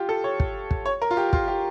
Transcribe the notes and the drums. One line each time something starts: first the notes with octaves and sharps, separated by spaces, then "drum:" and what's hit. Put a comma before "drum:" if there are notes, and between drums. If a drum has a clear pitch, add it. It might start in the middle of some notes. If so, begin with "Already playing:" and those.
Already playing: F4 G4
A4
C#5
drum: kick
drum: kick
C#5
A#4
F4
G4
F4, drum: kick
G4